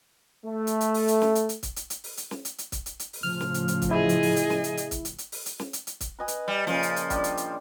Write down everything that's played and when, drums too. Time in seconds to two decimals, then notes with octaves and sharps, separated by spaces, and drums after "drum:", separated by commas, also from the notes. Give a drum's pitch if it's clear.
0.45 A3
0.67 drum: hi-hat
0.81 drum: hi-hat
0.94 drum: open hi-hat
1.08 drum: hi-hat
1.22 drum: snare
1.35 drum: hi-hat
1.49 drum: hi-hat
1.63 drum: kick, hi-hat
1.76 drum: hi-hat
1.90 drum: hi-hat
2.04 drum: open hi-hat
2.17 drum: hi-hat
2.31 drum: snare
2.45 drum: hi-hat
2.58 drum: hi-hat
2.72 drum: kick, hi-hat
2.86 drum: hi-hat
3.00 drum: hi-hat
3.13 drum: open hi-hat
3.23 A2 C#3 F3 F6
3.41 drum: snare
3.54 drum: hi-hat
3.68 drum: hi-hat
3.82 drum: kick, hi-hat
3.91 E4 G#4 D#5
4.09 drum: hi-hat
4.23 drum: open hi-hat
4.36 drum: hi-hat
4.50 drum: snare
4.64 drum: hi-hat
4.77 drum: hi-hat
4.91 drum: kick, hi-hat
5.05 drum: hi-hat
5.18 drum: hi-hat
5.32 drum: open hi-hat
5.46 drum: hi-hat
5.59 drum: snare
5.73 drum: hi-hat
5.87 drum: hi-hat
6.01 drum: kick, hi-hat
6.19 B4 D#5 G#5
6.28 drum: hi-hat
6.48 G3
6.67 A#2 C#3 F3, drum: snare
6.83 drum: hi-hat
6.96 drum: hi-hat
7.10 G3 D4, drum: kick, hi-hat
7.24 drum: hi-hat
7.37 drum: hi-hat